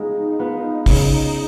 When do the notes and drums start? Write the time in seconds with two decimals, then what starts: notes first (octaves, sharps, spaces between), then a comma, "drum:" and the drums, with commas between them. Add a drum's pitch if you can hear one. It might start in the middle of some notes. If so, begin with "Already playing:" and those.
Already playing: G#3 B3 D#4 F4
0.39 B3 F4 B4
0.86 C#3, drum: kick, open hi-hat